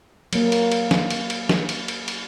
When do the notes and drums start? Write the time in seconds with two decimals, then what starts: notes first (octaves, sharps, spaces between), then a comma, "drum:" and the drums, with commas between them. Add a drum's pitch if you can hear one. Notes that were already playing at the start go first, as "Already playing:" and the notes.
0.33 F#3 A#3, drum: cymbal
0.52 drum: cymbal
0.72 drum: cymbal
0.91 drum: snare
1.10 drum: cymbal
1.30 drum: cymbal
1.49 drum: snare
1.69 drum: cymbal
1.88 drum: cymbal
2.08 drum: cymbal